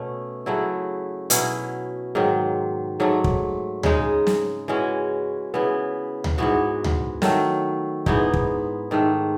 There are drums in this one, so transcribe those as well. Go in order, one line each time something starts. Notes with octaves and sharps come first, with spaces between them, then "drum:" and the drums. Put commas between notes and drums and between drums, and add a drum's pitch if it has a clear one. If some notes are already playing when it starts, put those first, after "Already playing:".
Already playing: B2 A3 C#4
C#3 F#3 A3 E4
B2 F#3 C#4 E4, drum: hi-hat
G#2 D#3 F#3
G#2 F#3 A3
drum: kick
C#3 G#3 D#4, drum: tom D2
drum: snare
E3 G#3 C#4 F#4
C#3 E3 B3
drum: tom D2
G#2 E3 B3 F#4
drum: tom D2
D#3 F#3 A3, drum: snare
G#2 E3 B3 D#4, drum: kick
drum: kick
G#2 D#3 A3